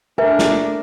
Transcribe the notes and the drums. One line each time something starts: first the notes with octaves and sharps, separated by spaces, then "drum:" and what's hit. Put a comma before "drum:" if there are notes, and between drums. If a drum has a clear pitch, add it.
A3 D4 A#4 B4 E5 G#5
drum: snare